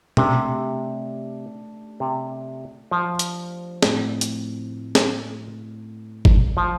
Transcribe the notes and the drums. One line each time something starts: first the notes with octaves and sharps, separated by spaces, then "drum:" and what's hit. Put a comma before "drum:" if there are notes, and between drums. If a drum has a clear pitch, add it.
C3 A3 D4 G4, drum: tom
C3
F3
drum: hi-hat
A2 A3 C4, drum: snare
drum: hi-hat
drum: snare
drum: kick G1
F3